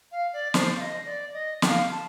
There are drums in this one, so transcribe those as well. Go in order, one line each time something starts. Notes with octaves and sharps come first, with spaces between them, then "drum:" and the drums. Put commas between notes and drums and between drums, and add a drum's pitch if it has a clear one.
F5
D5
C5, drum: snare
F5
D#5
D5
D#5
G5, drum: snare
F5
A5